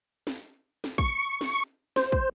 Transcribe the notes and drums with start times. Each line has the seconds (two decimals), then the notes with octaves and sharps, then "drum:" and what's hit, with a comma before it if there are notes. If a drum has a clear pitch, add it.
0.27 drum: snare
0.84 drum: snare
0.98 C#6, drum: kick
1.41 drum: snare
1.96 C5, drum: snare
2.12 drum: kick